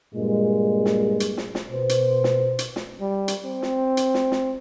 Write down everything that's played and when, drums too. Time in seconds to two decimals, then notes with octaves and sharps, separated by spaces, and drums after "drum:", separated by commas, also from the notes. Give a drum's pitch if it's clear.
0.14 G2 A#2 G#3
0.86 drum: snare
1.20 drum: hi-hat
1.37 drum: snare
1.55 drum: snare
1.71 B2 C5
1.89 drum: hi-hat
2.24 drum: snare
2.59 drum: hi-hat
2.76 drum: snare
3.00 G3
3.28 drum: hi-hat
3.45 C4
3.62 drum: snare
3.97 drum: hi-hat
4.14 drum: snare
4.32 drum: snare